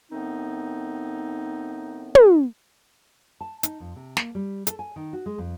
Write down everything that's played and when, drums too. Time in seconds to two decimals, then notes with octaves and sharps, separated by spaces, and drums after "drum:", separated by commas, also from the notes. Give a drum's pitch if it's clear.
0.12 A2 D#3 B3 C4 D#4
2.15 drum: tom
3.41 A5
3.63 D#4, drum: hi-hat
3.80 F2
3.96 C3
4.17 A#3, drum: snare
4.35 G3
4.67 A4, drum: hi-hat
4.79 G#5
4.96 D#3
5.13 F#4
5.26 G#3
5.38 F2